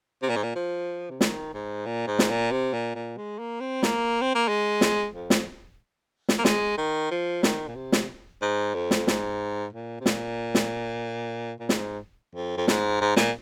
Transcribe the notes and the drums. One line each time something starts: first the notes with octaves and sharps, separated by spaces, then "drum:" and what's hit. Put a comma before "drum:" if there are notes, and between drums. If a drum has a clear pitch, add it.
C3
A#2
G#2
A#2
F3
C3
D#3, drum: snare
G#2
A#2
G#2
drum: snare
A#2
C3
A#2
A#2
G#3
A#3
C4
A#3, drum: snare
C4
A#3
G#3
drum: snare
F2
drum: snare
drum: snare
A#3
G#3, drum: snare
D#3
F3
D#3, drum: snare
A#2
C3
drum: snare
G#2
F2
drum: snare
G#2, drum: snare
A#2
C3
A#2, drum: snare
drum: snare
A#2
G#2, drum: snare
F2
F2
G#2, drum: snare
G#2
A#2, drum: snare